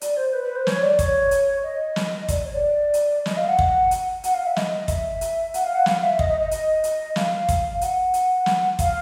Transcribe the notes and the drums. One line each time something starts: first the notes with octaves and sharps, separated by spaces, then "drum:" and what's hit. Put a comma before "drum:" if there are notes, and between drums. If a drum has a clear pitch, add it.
D5, drum: hi-hat
C5
B4
B4
C5
C#5, drum: snare
D5
C#5, drum: kick, hi-hat
drum: hi-hat
D#5
drum: snare
D5, drum: kick, hi-hat
C#5
D5
drum: hi-hat
D#5, drum: snare
F5
F#5
drum: kick
drum: hi-hat
F#5, drum: hi-hat
F5
E5
D#5, drum: snare
E5, drum: kick, hi-hat
drum: hi-hat
F#5, drum: hi-hat
F5
F#5
F5, drum: snare
E5
D#5, drum: kick
D#5
D#5
D#5, drum: hi-hat
drum: hi-hat
F5, drum: snare
drum: kick, hi-hat
F#5, drum: hi-hat
drum: hi-hat
drum: snare
F5, drum: kick, hi-hat